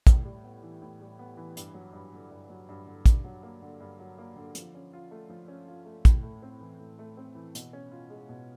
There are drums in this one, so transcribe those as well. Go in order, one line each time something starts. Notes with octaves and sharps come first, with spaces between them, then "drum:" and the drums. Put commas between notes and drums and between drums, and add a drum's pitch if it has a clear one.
A2, drum: kick, hi-hat
G3
B3
E3
A2
G3
B3
E3
G2, drum: hi-hat
F#3
G2
D3
G2
F#3
G2
D3
G2, drum: kick, hi-hat
F#3
A#3
D3
G2
F#3
A#3
D3
F3, drum: hi-hat
C#4
F4
A3
F3
C#4
F4
A3
A2, drum: kick, hi-hat
A3
C4
E3
A2
A3
C4
E3
B2, drum: hi-hat
C#4
F4
G#3
B2